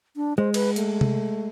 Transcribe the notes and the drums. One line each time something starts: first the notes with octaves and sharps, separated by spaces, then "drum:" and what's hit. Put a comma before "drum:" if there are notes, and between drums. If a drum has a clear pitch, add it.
D4
G#3 C5
B4, drum: cymbal
A3, drum: hi-hat
drum: tom C3